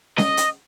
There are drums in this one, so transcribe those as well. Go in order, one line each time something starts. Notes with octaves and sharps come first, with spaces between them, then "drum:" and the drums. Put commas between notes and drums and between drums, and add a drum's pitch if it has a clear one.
D#5, drum: snare C#4
drum: hi-hat